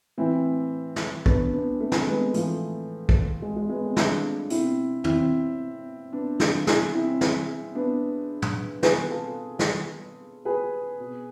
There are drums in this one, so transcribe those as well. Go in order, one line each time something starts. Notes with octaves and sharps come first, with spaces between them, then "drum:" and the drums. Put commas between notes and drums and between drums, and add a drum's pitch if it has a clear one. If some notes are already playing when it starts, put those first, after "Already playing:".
A2 E3 C4 E4
drum: snare
B3 D4, drum: kick
B3 D4
A3 C4
drum: snare
G#3 B3
A2 E3 F3 A3, drum: hi-hat
drum: kick
G#3
G#3
G#3 B3
A3 C4
D4 F4, drum: snare
B2 C4 E4, drum: hi-hat
C4 E4, drum: tom
B3 D4
D4 F4, drum: snare
B2 E4 G#4, drum: snare
C4 E4
drum: snare
B3 D4
drum: tom
B2 G#4 B4, drum: snare
F4 A4
drum: snare
G#4 B4
B2